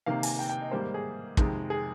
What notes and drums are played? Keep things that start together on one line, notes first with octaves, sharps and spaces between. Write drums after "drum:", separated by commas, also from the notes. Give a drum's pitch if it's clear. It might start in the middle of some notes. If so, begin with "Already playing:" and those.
C3 D#3 A#3 F5
G#5, drum: open hi-hat
G5
G5
D#5
G#2 D#3 G3 A#3 C5
A#4
G#4
F2 C3 D#3 G#3, drum: kick
G#4